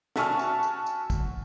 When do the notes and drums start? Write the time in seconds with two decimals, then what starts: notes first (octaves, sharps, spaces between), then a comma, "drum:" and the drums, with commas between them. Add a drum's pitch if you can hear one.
0.16 F#4 E5 G#5 A5 C#6 F6, drum: snare
0.39 drum: tambourine
0.63 drum: tambourine
0.86 drum: tambourine
1.10 drum: kick, tambourine